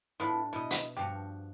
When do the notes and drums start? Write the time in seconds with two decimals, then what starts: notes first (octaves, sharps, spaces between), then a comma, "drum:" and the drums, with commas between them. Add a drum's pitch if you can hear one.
0.20 A2 B3 D4 E4 F4
0.53 B2 E4 D#5
0.71 drum: hi-hat
0.97 G2 F3 F#4 G4